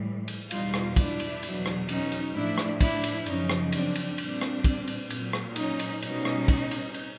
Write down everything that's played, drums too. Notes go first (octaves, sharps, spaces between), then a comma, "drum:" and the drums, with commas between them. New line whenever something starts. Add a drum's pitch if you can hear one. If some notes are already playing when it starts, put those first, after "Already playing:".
Already playing: A2 E3 G3
drum: cymbal
E2 B2 G3 D#4 F4, drum: cymbal
drum: rim click
D4 E4, drum: kick, cymbal
drum: cymbal
E2 B2 F#3, drum: cymbal
drum: rim click
C#4 D#4, drum: cymbal
drum: cymbal
A2 F3 D4 E4
drum: rim click
D4 E4, drum: kick, cymbal
drum: cymbal
F#2 C#3 F3 C#4 D#4, drum: cymbal
drum: rim click
C4 D4, drum: cymbal
drum: cymbal
A#2 G3 C4 D4, drum: cymbal
drum: rim click
drum: kick, cymbal
drum: cymbal
A#2 F#3, drum: cymbal
drum: rim click
C#4 D#4, drum: cymbal
drum: cymbal
B2 G3 C#4 D#4, drum: cymbal
drum: rim click
drum: kick, cymbal
drum: cymbal
drum: cymbal